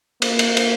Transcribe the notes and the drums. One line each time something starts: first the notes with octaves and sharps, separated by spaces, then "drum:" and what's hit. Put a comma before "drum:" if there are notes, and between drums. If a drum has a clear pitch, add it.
A#3, drum: cymbal
drum: cymbal
drum: cymbal